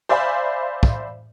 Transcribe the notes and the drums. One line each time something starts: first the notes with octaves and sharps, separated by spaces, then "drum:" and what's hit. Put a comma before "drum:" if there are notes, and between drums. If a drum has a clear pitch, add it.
C5 D5 E5 F5 G#5 B5
drum: kick